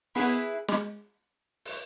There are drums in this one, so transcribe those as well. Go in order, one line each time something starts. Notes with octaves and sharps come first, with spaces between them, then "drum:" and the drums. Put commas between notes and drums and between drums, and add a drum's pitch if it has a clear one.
B3 E4 G#4 B4, drum: open hi-hat
G#3, drum: snare
drum: open hi-hat